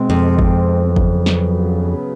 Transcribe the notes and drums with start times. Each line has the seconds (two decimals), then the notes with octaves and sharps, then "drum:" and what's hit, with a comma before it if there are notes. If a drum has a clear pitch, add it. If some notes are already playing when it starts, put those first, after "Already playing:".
Already playing: B2 G#3 C4
0.10 F2
0.39 drum: kick G1
0.96 C#3 F#3 B3, drum: kick G1
1.26 drum: snare